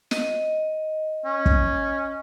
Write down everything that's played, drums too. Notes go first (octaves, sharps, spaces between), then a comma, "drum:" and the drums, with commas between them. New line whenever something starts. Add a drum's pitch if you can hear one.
D#5, drum: snare
C#4
drum: kick